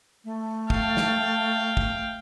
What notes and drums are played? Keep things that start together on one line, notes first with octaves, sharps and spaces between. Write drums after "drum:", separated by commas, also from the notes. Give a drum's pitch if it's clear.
A3
F5 G5, drum: kick
drum: snare
drum: kick